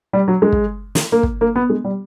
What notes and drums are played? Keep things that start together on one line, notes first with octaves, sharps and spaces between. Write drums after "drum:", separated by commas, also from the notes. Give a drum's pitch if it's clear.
G3
F#3
G#3
drum: kick
drum: snare
A#3
drum: kick
A#3
B3
G#3
G3